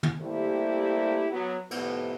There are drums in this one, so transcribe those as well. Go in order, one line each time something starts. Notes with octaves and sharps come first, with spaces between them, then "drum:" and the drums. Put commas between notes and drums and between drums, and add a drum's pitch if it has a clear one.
drum: tom
G3 A3 A#3 C4 E4 G4
F#3 B3
F2 A2 C3 B3, drum: cymbal